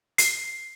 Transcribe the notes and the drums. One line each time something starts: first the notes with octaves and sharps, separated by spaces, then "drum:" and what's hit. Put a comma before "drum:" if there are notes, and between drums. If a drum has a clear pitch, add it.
C7, drum: hi-hat